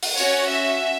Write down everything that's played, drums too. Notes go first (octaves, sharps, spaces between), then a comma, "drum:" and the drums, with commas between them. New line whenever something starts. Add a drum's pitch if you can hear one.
drum: open hi-hat
C#4 F#4 C#5, drum: tambourine
E5